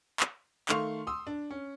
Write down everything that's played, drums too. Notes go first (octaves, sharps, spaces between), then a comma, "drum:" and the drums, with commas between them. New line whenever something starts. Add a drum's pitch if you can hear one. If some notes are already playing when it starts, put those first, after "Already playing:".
drum: clap
D#3 A3 F5 C6 C#6 F7, drum: clap
C6 D#6 E6
D4
C#4